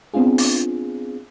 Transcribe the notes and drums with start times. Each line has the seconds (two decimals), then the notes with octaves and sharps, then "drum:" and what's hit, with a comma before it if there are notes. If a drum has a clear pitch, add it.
0.14 B3 C4 D4 F4 G#4
0.38 drum: open hi-hat